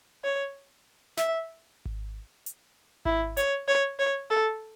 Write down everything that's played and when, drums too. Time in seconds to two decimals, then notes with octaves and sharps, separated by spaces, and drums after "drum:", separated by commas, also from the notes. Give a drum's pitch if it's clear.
0.24 C#5
1.17 E5, drum: snare
1.85 drum: kick G#1
2.46 drum: hi-hat
3.05 E4, drum: kick G#1
3.37 C#5, drum: hi-hat
3.68 C#5
3.99 C#5
4.30 A4